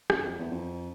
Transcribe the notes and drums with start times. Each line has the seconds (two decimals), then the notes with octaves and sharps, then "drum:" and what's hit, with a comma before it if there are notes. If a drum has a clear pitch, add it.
0.10 F#2, drum: rim click
0.25 F2
0.39 E2
0.51 F2